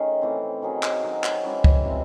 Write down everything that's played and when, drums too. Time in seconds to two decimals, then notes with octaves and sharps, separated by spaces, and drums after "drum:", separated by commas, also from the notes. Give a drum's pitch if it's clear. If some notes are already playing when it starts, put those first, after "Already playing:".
Already playing: D#3 A3 C#4 G#4
0.22 A2 E3 C4
0.62 D#3 F#3 C#4 G#4
0.83 drum: clap
1.03 F#3 C4 D#4 F#4
1.24 drum: clap
1.44 E3 G#3 C#4 E4
1.64 drum: kick
1.85 C3 E3 G#3 C4